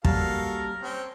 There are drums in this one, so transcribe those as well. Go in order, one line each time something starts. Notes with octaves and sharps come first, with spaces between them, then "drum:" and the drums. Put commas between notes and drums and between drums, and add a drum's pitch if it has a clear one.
G3 A#3 C#4 F#4 A4 A#4 F5 A5, drum: kick
C4 C#4